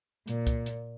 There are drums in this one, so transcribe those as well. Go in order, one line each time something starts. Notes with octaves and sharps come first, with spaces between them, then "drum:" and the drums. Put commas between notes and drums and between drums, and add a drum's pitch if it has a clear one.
A#2, drum: hi-hat
drum: kick C2, hi-hat
drum: hi-hat